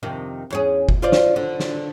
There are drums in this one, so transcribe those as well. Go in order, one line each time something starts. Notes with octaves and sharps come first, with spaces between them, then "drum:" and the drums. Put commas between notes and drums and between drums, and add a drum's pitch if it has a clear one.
F2 C3 D#3
E2 C#4 G#4
drum: kick F#1
F4 C5 D5
drum: snare
D3
drum: snare